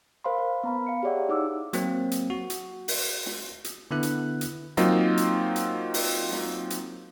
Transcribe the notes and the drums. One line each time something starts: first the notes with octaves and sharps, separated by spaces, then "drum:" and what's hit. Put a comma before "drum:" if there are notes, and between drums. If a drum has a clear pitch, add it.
A#4 C5 F5 B5 C6
F5
B3 A#5 B5
F5 C#7
G4 G#4 C#5 D5 E5 F#5
D#4 E4 D6 E6
F#3 A#3 C4, drum: hi-hat
drum: hi-hat
F#4
drum: hi-hat
drum: open hi-hat
drum: snare
drum: hi-hat
D3 B3 E4 F#6
drum: hi-hat
drum: hi-hat
F#3 A#3 C4 D#4 F4, drum: hi-hat
drum: hi-hat
drum: hi-hat
drum: open hi-hat
drum: snare
drum: hi-hat